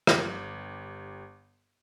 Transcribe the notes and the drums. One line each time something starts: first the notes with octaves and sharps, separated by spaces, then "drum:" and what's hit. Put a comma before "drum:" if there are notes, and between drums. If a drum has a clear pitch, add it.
G1 G4, drum: rim click